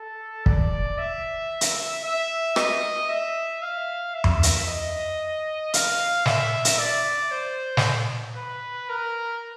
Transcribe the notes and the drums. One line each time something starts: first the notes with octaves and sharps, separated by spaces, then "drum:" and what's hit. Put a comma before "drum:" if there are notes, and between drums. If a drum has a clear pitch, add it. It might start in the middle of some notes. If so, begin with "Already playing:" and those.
Already playing: A4
D5, drum: kick
E5
drum: hi-hat
E5
D#5, drum: rim click
E5
F5
E5
drum: tom F2
drum: hi-hat
D#5
F5, drum: hi-hat
E5, drum: snare
drum: hi-hat
D5
C5
drum: snare
B4
A#4